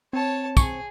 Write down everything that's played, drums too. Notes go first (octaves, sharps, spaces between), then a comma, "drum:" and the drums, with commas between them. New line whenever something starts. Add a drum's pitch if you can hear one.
C4 C#5 A5
G#4 C#6, drum: kick, tambourine